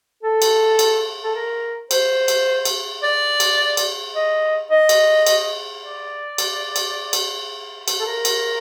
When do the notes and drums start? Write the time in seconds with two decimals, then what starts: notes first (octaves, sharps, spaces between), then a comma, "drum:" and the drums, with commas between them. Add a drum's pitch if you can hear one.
0.23 A4
0.42 drum: cymbal
0.79 drum: cymbal
1.23 A4
1.35 A#4
1.91 C5, drum: cymbal
2.28 drum: cymbal
2.65 drum: cymbal
3.03 D5
3.40 drum: cymbal
3.77 drum: cymbal
4.15 D#5
4.71 D#5
4.89 drum: cymbal
5.27 drum: cymbal
5.82 D5
6.38 drum: cymbal
6.76 drum: cymbal
7.13 drum: cymbal
7.88 drum: cymbal
8.00 A4
8.06 A#4
8.25 drum: cymbal